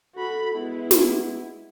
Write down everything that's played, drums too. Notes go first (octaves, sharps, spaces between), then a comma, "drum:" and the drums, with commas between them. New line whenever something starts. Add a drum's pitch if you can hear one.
F#4 A4 B5
G#3 B3 E4
drum: snare